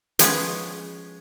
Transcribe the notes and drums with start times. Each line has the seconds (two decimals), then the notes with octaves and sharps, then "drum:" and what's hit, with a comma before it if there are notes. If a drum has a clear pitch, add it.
0.19 F3 G#3 B3 C#4 G#4, drum: hi-hat